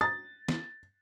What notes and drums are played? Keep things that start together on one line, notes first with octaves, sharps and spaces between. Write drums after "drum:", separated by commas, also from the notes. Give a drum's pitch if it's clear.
A#5 D#6 A6
drum: snare